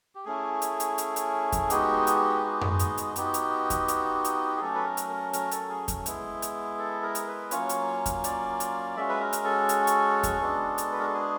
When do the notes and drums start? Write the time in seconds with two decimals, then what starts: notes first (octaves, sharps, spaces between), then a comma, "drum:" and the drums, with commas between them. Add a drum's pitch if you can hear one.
0.15 G4
0.25 A3 C#4 E4 G#4
0.62 drum: hi-hat
0.80 drum: hi-hat
0.98 drum: hi-hat
1.16 drum: hi-hat
1.52 drum: kick E2, hi-hat
1.70 G#3 B3 D#4 F#4 G4, drum: hi-hat
2.07 drum: hi-hat
2.44 F#4
2.61 drum: tom F#2
2.79 drum: hi-hat
2.98 drum: hi-hat
3.16 B3 D#4 F#4 G4, drum: hi-hat
3.34 drum: hi-hat
3.70 drum: kick E2, hi-hat
3.88 drum: hi-hat
4.25 drum: hi-hat
4.57 G#4
4.61 F#3 A3 C#4 A4
4.75 B4
4.85 A#4
4.97 drum: hi-hat
5.09 A#4
5.33 A#4, drum: hi-hat
5.51 A4, drum: hi-hat
5.69 G#4
5.88 drum: kick E2, hi-hat
6.06 G#3 B3 E4, drum: hi-hat
6.42 drum: hi-hat
6.79 A4
7.02 A#4
7.15 drum: hi-hat
7.28 B4
7.51 F#3 A#3 C#4 F4 C#5, drum: hi-hat
7.69 drum: hi-hat
8.06 drum: kick E2, hi-hat
8.24 D5, drum: hi-hat
8.60 drum: hi-hat
8.97 G#3 C#4 F#4 E5
9.09 B4
9.20 A#4
9.33 drum: hi-hat
9.44 A4
9.69 drum: hi-hat
9.87 drum: hi-hat
10.23 drum: kick E2, hi-hat
10.41 G#3 B3 D4 F#4
10.78 drum: hi-hat
10.92 B4
10.99 A#4
11.07 A4
11.14 G#4